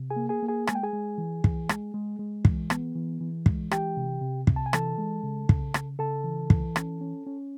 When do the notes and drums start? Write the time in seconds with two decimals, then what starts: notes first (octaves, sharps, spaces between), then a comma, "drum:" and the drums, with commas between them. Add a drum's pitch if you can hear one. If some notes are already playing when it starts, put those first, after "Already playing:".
Already playing: C3
0.10 G#4 G#5
0.16 A#3
0.29 G#4 G#5
0.43 A#3
0.49 G#4 G#5
0.67 G#3 G#5, drum: rim click
0.75 G5
0.83 G#4 G#5
0.93 G#3
1.18 E3
1.44 E3, drum: kick
1.69 G#3, drum: rim click
1.94 G#3
2.19 G#3
2.45 E3, drum: kick
2.70 B3, drum: rim click
2.95 E3
3.21 E3
3.46 G#3, drum: kick
3.71 E3 G4 G5, drum: rim click
3.97 C3
4.22 C3
4.47 C3, drum: kick
4.56 A5
4.66 G#5
4.73 E3 A4 A5, drum: rim click
4.98 G#3
5.23 C#3
5.49 C#3, drum: kick
5.74 C#3, drum: rim click
5.99 C#3 A4 A5
6.24 E3
6.50 E3, drum: kick
6.76 C#4, drum: rim click
7.01 C#4
7.26 C#4